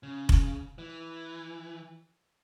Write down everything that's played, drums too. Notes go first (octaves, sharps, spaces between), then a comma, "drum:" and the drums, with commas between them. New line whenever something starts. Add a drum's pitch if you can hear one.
C#3
drum: kick F1
E3